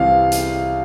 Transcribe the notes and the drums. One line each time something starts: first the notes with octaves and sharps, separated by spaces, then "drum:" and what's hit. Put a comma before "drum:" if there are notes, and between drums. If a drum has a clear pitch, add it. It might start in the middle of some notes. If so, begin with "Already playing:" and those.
Already playing: C2 C3 E3 F5
drum: hi-hat